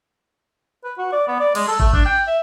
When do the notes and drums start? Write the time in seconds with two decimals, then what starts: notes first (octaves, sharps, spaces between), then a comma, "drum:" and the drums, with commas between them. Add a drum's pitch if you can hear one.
0.84 B4
0.98 F#4
1.12 D5
1.28 B3
1.40 D5
1.55 G#3, drum: cymbal
1.68 A4
1.80 A3, drum: kick
1.93 D4, drum: kick
2.05 G5
2.27 E5